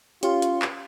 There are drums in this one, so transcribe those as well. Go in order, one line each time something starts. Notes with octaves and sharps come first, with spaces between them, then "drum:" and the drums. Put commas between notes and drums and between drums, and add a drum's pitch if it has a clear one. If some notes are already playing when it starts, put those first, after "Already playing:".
C#4 F4 G4 C#5, drum: hi-hat
drum: hi-hat
drum: clap